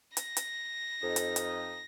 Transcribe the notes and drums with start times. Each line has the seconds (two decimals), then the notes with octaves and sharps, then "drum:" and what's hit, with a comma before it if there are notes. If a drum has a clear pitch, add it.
0.17 A#6, drum: hi-hat
0.37 drum: hi-hat
1.02 F2 D#4
1.16 drum: hi-hat
1.36 drum: hi-hat